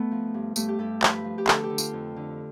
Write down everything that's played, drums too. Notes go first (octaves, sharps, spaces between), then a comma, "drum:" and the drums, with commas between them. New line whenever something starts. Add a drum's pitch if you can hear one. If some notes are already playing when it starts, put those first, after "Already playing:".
Already playing: A3 B3
F3
G2
G2 A3, drum: tambourine
G4
G2 A4
F3 B4, drum: clap
F3
G4
D3 A4, drum: clap
G4
D3
F4, drum: tambourine
F2
D3